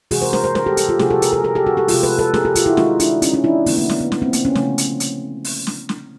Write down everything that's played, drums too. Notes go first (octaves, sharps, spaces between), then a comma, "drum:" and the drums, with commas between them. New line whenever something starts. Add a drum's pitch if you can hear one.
C3 E3 G#3 F#4 G#4, drum: open hi-hat
A#4 C5
A#4 C5, drum: snare
A#4 C5
A#4 C5, drum: snare
G4 A4
G4 A4, drum: hi-hat
F4 G4
C3 F3 A#3 F#4 G#4, drum: snare
G4 A4
G#4 A#4, drum: hi-hat
G#4 A#4
G#4 A#4
G4 A4
F#4 G#4
G4 A4
C3 F3 G#3 F4 G4, drum: open hi-hat
A4 B4
A4 B4
G#4 A#4, drum: snare
G4 A4
F4 G4, drum: hi-hat
E4 F#4
D#3 G#3 D#4 F4, drum: snare
D4 E4, drum: hi-hat
C#4 D#4, drum: hi-hat
C#4 D#4
D4 E4
D3 F3 A3 B3, drum: open hi-hat
A#3
B3, drum: snare
B3
B3, drum: snare
A#3 C4
A#3 C4, drum: hi-hat
B3 C#4
C#3 F3 A3, drum: snare
drum: hi-hat
drum: hi-hat
drum: open hi-hat
drum: snare
drum: snare